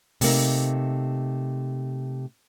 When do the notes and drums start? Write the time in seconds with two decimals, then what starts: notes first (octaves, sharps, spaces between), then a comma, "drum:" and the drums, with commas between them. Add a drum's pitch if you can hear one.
0.21 C3 A3 A#3 D#4, drum: open hi-hat